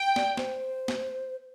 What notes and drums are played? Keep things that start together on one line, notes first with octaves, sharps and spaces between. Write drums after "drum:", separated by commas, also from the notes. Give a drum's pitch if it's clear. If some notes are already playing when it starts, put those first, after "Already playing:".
Already playing: G5
D5, drum: snare
C5, drum: snare
drum: snare